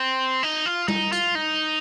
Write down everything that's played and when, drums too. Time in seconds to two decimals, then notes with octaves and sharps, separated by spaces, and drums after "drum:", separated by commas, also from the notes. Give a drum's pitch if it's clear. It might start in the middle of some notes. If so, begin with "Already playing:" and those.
Already playing: C4
0.43 D#4
0.66 F4
0.88 D#4, drum: tom G3
1.12 F4, drum: hi-hat
1.35 D#4